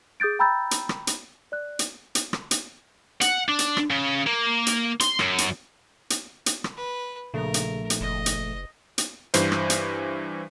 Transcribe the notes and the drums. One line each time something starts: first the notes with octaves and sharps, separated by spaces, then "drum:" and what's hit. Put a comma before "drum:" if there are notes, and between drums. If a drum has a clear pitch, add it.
G#4 D#6 G6 A6 D7
G5 A#5 B5 E6 G6 A6
drum: hi-hat
drum: rim click
drum: hi-hat
D5 F#6
drum: hi-hat
drum: hi-hat
drum: rim click
drum: hi-hat
F#5, drum: hi-hat
D4
drum: hi-hat
drum: rim click
C#3
A#3
drum: hi-hat
C6, drum: hi-hat
F#2, drum: rim click
drum: hi-hat
drum: hi-hat
drum: hi-hat
drum: rim click
B4
A#1 C#3 A3 A#4
drum: hi-hat
drum: hi-hat
F#1 D#5
drum: hi-hat
drum: hi-hat
G2 E3 C5, drum: hi-hat
drum: rim click
drum: hi-hat